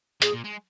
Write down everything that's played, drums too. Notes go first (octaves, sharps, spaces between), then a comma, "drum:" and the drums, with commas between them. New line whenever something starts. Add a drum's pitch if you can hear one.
A#2 G#4, drum: hi-hat
A#2
G#3